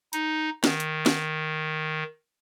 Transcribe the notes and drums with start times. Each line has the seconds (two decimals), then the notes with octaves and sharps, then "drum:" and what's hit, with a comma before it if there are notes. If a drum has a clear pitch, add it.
0.13 D#4, drum: hi-hat
0.64 D#3, drum: snare
0.80 drum: hi-hat
1.06 drum: snare